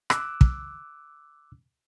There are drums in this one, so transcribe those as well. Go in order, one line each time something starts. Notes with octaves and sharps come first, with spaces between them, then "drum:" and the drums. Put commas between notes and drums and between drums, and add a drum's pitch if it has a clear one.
D6 E6 F#6, drum: rim click
drum: kick